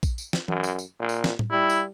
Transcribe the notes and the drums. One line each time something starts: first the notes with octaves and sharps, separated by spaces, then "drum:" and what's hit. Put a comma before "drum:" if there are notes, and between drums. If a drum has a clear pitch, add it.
drum: kick A#1, tambourine
drum: tambourine
drum: snare
F#2, drum: tom E3
drum: tambourine
drum: tambourine
A#2
drum: tambourine
drum: snare
drum: tom A2
G3 E4
drum: tambourine